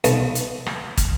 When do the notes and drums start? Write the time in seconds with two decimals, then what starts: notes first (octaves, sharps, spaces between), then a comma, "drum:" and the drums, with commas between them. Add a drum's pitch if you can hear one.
0.04 B1, drum: hi-hat
0.35 drum: hi-hat
0.66 drum: rim click
0.97 drum: kick, hi-hat